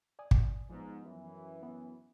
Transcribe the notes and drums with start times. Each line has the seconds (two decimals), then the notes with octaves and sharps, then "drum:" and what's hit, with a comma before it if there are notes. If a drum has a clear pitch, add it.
0.19 D5 G#5 D#6
0.31 drum: kick
0.70 G#2 F3 B3
1.04 F#2 E3
1.63 B3